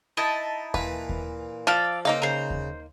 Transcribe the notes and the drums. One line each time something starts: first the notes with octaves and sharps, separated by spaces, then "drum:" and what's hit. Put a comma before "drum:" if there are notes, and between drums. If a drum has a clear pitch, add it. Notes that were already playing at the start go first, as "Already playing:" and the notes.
D#4 E4 D#5 A5
A#2 E3 F4 B4, drum: kick D#2
drum: kick D#2
F3 D5 F5 E6
C#3 A#3 C4 D#4 F5 E6
C#3 C5 A#5
drum: kick D#2